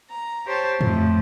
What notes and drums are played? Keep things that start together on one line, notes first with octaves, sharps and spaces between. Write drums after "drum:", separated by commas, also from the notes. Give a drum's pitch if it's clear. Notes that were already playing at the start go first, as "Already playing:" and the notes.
A#5
G4 C5 C#5 A5
F2 A2, drum: tom